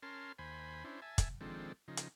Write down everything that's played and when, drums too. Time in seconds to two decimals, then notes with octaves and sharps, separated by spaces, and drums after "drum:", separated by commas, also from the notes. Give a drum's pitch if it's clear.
0.03 C#4 A#4 A5 C6 F6
0.39 D#2 C5 G#5 B5
0.84 C#4 D4 E4 C5
1.02 E5 G#5 A5
1.18 drum: kick, hi-hat
1.41 D#3 F3 G#3 C4 D4 A4
1.88 C#3 F3 D#4
1.97 drum: hi-hat